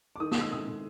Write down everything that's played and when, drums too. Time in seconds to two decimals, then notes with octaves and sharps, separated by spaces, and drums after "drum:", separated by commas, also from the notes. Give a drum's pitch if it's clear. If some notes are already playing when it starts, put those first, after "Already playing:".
0.16 D6
0.20 D#3 D#6
0.32 D#6, drum: snare
0.36 G#3 E6
0.52 C3 D#6
0.68 C3